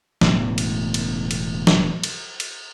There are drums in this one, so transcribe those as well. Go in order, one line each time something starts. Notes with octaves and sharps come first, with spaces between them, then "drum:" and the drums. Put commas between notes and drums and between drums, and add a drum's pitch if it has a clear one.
E1 A2 C#3 B3, drum: snare
drum: cymbal
drum: cymbal
drum: cymbal
drum: snare
drum: cymbal
drum: cymbal